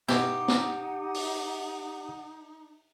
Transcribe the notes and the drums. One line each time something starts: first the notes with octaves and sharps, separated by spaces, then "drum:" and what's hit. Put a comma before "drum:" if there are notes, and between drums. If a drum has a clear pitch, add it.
B2 D#4 E4 G4 F#5, drum: snare
drum: snare
drum: open hi-hat